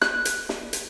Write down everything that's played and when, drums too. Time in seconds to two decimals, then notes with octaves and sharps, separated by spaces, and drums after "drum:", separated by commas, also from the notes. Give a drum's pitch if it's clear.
0.02 F#6, drum: snare
0.25 drum: hi-hat
0.49 drum: snare
0.73 drum: hi-hat